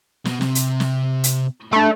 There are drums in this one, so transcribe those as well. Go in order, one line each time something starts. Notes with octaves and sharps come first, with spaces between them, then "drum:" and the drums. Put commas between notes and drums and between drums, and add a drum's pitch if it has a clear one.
B2, drum: snare
C3, drum: snare
drum: hi-hat
drum: snare
drum: hi-hat
A3 D4 B5